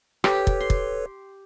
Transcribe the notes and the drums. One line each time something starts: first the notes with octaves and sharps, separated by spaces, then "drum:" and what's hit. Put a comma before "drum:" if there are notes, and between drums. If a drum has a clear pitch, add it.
G4 A4 B4 C#5, drum: rim click
drum: kick
C6
drum: kick